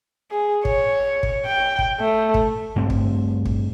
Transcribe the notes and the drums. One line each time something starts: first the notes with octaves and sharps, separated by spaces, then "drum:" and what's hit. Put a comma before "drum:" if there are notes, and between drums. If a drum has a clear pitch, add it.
G#4
C#5, drum: kick G#1
drum: kick G#1
G5
drum: kick G#1
A3
drum: kick G#1
G2 A3 C4
drum: kick G#1
drum: kick G#1